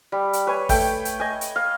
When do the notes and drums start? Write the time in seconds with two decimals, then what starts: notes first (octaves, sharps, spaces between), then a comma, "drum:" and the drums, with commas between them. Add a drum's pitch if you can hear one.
0.12 G3
0.33 drum: hi-hat
0.47 B4 C#5 G#5
0.69 A3 G5, drum: kick, open hi-hat
1.05 drum: hi-hat
1.20 D#5 G#5
1.41 drum: hi-hat
1.56 F5